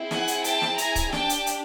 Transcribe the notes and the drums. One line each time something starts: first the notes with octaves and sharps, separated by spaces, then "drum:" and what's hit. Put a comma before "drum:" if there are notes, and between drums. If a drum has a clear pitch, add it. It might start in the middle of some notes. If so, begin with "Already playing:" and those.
Already playing: C4 E4 G#4
F#5 G#5, drum: snare
drum: hi-hat
G5 A5, drum: hi-hat
drum: snare
G#5 A#5, drum: hi-hat
drum: kick C#1, hi-hat
D4 G4 G5 A5, drum: snare
drum: hi-hat
drum: hi-hat